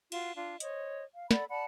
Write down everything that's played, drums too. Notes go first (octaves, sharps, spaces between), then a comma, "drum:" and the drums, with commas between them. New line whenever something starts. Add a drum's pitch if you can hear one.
F4 F#4, drum: cymbal
D4 F4
C5 C#5 D#5, drum: hi-hat
F5
A4 D5 F#5 B5, drum: snare
D5 F#5 A5 B5